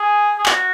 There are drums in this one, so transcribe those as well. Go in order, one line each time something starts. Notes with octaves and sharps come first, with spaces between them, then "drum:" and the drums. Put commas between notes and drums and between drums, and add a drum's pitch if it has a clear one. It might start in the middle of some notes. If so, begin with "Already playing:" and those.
Already playing: G#4
G#4
F#4, drum: clap